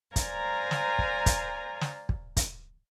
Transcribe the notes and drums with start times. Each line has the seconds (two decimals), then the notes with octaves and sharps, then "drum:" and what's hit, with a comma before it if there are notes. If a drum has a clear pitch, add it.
0.16 A#4 C5 D5 F5 G#5 A#5, drum: kick, hi-hat
0.71 drum: snare
0.99 drum: kick
1.26 drum: kick, hi-hat
1.81 drum: snare
2.09 drum: kick
2.37 drum: kick, hi-hat